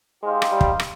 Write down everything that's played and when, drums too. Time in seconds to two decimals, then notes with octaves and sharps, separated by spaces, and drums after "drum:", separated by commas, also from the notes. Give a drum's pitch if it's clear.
0.23 G#3 D#4 G4 C5 F5
0.42 drum: rim click
0.51 G3
0.61 drum: kick
0.80 drum: rim click